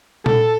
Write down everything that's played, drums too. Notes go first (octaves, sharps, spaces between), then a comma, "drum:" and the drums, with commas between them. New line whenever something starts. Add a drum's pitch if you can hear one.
A4, drum: tom A#2